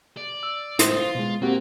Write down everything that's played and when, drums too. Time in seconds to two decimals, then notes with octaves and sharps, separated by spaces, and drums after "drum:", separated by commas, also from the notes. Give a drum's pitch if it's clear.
0.17 D5
0.43 E6
0.79 A2 G#3 C5 C6 D#6, drum: hi-hat
0.96 F4
1.15 B2 G#3
1.42 A#3 C4 F#4 G4